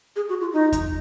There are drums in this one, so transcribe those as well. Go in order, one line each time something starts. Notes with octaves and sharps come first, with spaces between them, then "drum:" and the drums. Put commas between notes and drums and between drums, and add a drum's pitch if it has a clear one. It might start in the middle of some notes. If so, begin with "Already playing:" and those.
G#4
F#4
F4
D#4
drum: kick E2, hi-hat